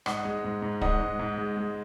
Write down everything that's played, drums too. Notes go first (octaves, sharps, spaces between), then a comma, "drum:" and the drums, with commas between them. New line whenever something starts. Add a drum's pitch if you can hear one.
G#2 D#5 F#5, drum: rim click
G#3
G#2
G#2
G#2 D#5 F#5, drum: kick
G#2
G#2
G#3
G#3